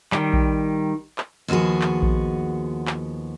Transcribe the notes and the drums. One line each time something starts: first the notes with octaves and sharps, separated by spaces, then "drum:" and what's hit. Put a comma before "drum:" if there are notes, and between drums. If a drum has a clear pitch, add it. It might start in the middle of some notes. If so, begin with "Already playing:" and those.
D#3 G3, drum: clap
drum: kick A#1
drum: clap
D#2 F3 B3 F#4 G#4
drum: clap
drum: kick A#1
drum: clap